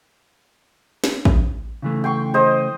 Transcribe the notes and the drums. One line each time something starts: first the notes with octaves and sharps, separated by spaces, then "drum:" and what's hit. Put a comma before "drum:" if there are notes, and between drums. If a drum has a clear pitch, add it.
drum: snare
drum: kick A1
C#3 E3 A3
G5 C6 C#6
C5 D#5